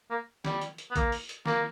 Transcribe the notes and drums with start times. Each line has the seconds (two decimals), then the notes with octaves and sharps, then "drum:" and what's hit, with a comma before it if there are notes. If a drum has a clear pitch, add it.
0.10 A#3
0.45 G3, drum: snare
0.61 drum: hi-hat
0.78 drum: hi-hat
0.90 B3
0.96 A#3, drum: kick, hi-hat
1.12 drum: open hi-hat
1.29 drum: hi-hat
1.46 A#3, drum: snare